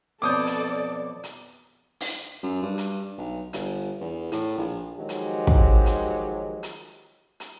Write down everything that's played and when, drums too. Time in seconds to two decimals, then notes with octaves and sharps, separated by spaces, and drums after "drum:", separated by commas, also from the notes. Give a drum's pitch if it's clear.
0.22 F2 B2 A4 C#5 D5 D6 D#6 G6
0.46 drum: hi-hat
1.23 drum: hi-hat
2.01 drum: open hi-hat
2.43 F#2
2.62 G2
2.78 drum: hi-hat
3.18 B1
3.53 G1, drum: hi-hat
4.01 E2
4.32 A2, drum: hi-hat
4.58 A#1
4.98 D#3 F3 F#3 G#3 G4
5.09 drum: hi-hat
5.47 drum: kick
5.86 drum: hi-hat
6.63 drum: hi-hat
7.40 drum: hi-hat